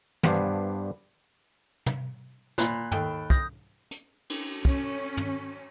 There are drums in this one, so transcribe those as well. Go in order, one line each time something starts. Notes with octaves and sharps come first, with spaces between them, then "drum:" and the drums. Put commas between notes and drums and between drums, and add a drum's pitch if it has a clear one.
G2 B3 D4 C5 F5 G#5, drum: tom
drum: tom
A#2 B5 F#6, drum: snare
D#2 A4 G5, drum: tom
D#6 G6 A#6, drum: kick
drum: hi-hat
drum: cymbal
C#4, drum: kick
drum: tom